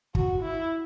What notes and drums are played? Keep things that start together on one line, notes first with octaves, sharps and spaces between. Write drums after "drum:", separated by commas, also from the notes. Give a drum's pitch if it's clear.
F#4, drum: kick
E4